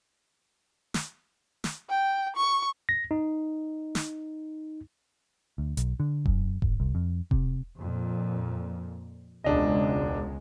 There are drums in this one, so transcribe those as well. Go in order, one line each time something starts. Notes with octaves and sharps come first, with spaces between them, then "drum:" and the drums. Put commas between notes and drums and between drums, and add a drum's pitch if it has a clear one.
drum: snare
drum: snare
G5
C#6
A#6
D#4
drum: snare
D2
B1, drum: hi-hat
D3
F#2, drum: kick E1
G#1, drum: kick E1
C2
F2
C3, drum: kick E1
F2 A#2
E1 C#2 G#3 D4 D#5